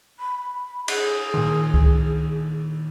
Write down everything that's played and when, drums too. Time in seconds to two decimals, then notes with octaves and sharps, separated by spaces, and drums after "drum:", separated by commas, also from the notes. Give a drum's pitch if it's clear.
0.20 B5
0.88 G#4, drum: cymbal
1.34 A#2 D#3
1.74 drum: kick C#2